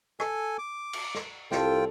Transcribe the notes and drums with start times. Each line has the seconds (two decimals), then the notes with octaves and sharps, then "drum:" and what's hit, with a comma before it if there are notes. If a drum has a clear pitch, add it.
0.20 A4 G#5, drum: rim click
0.58 D6
0.93 drum: cymbal
1.15 drum: snare
1.52 C2 F4 A4 G5, drum: snare